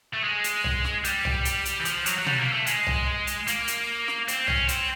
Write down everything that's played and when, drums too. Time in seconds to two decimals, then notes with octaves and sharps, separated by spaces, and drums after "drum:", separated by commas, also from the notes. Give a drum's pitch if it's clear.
0.14 A3
0.24 G#3
0.44 drum: hi-hat
0.64 drum: tom B1
0.84 drum: snare
1.04 G3, drum: hi-hat
1.25 drum: tom B1
1.45 drum: hi-hat
1.65 drum: hi-hat
1.81 E3
1.85 F3, drum: hi-hat
2.06 F#3, drum: hi-hat
2.18 F#3
2.27 G3, drum: tom B2
2.39 A#3
2.52 A3
2.67 G#3, drum: hi-hat
2.87 drum: tom B1
3.27 drum: hi-hat
3.47 A#3, drum: hi-hat
3.68 drum: hi-hat
4.08 drum: snare
4.28 C4, drum: hi-hat
4.48 C#4, drum: tom B1
4.68 C4, drum: hi-hat